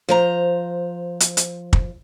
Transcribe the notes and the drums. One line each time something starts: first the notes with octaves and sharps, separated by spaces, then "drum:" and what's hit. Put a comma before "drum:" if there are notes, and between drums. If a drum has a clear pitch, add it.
F3 C5 A#5
drum: hi-hat
drum: hi-hat
drum: kick